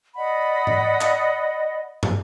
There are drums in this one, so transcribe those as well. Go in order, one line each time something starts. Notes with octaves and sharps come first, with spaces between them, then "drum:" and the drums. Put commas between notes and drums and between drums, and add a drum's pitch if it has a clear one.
D5 D#5 F#5 B5
drum: tom G#2
drum: clap
drum: tom